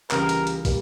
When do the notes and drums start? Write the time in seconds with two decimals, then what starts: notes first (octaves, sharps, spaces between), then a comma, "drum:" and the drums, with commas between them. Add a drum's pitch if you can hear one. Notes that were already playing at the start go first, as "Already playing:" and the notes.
0.11 C#2 C#3 E3 G3 A#3 A#4, drum: clap
0.29 drum: hi-hat
0.47 drum: hi-hat
0.65 G3 A#3, drum: kick, open hi-hat